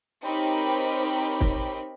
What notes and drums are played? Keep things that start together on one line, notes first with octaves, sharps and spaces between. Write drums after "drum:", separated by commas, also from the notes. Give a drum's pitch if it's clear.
C4 D#4 G4 A#4 C#5 B5
drum: kick